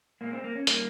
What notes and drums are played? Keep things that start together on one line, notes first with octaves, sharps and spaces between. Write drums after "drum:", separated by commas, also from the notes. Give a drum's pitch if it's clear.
A#2 G#3 A#3
C4
A#3
C#4
D#3 G3 A#3, drum: hi-hat